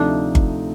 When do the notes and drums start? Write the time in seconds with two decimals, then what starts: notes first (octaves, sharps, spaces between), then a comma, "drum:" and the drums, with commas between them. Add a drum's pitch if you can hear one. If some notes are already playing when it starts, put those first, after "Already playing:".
Already playing: D2 C3 F3 A3 D4 D#4
0.35 drum: kick G1